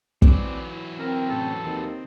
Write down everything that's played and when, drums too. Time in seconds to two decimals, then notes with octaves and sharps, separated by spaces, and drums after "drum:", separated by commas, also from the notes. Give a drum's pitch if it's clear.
0.22 E3 F#3 C4 D5, drum: kick
0.69 E4
0.99 C4 A#4
1.29 A2 C3 C#4 A4
1.64 D#2 D#3 C4